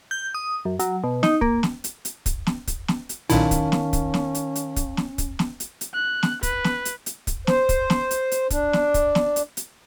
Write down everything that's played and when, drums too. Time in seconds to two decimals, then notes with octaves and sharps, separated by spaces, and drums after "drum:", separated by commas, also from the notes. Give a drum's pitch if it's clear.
0.11 G6
0.35 D#6
0.65 F#2
0.79 F#3, drum: hi-hat
1.04 B2
1.23 D#4, drum: snare
1.41 A#3, drum: kick
1.63 drum: snare
1.84 drum: hi-hat
2.05 drum: hi-hat
2.26 drum: kick, hi-hat
2.47 drum: snare
2.67 drum: kick, hi-hat
2.88 drum: snare
3.09 drum: hi-hat
3.30 B1 A#2 D#3 C#4 E4 F5 A5, drum: hi-hat
3.51 drum: kick, hi-hat
3.72 drum: snare
3.93 drum: kick, hi-hat
4.14 drum: snare
4.35 drum: hi-hat
4.55 drum: hi-hat
4.76 drum: kick, hi-hat
4.97 drum: snare
5.18 drum: kick, hi-hat
5.39 drum: snare
5.60 drum: hi-hat
5.81 drum: hi-hat
5.94 F#6
6.23 drum: snare
6.43 B4, drum: kick, hi-hat
6.64 drum: snare
6.85 drum: hi-hat
7.06 drum: hi-hat
7.27 drum: kick, hi-hat
7.47 C5, drum: snare
7.69 drum: kick, hi-hat
7.90 drum: snare
8.11 drum: hi-hat
8.32 drum: hi-hat
8.50 D4, drum: kick, hi-hat
8.73 drum: snare
8.94 drum: kick, hi-hat
9.15 drum: snare
9.36 drum: hi-hat
9.57 drum: hi-hat